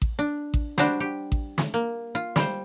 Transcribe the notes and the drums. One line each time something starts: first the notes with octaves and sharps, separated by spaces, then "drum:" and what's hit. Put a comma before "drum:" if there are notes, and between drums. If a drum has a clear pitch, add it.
drum: kick A1
D4
drum: kick A1
G3 D4 F#4 G4 C5, drum: snare
G4
drum: kick A1
drum: snare
A#3
F4
G3 C5, drum: snare